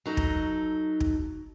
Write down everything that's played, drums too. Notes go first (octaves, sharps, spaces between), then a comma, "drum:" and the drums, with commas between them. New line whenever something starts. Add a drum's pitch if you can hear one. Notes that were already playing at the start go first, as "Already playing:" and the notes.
F#3 D#4 A4
drum: kick
drum: kick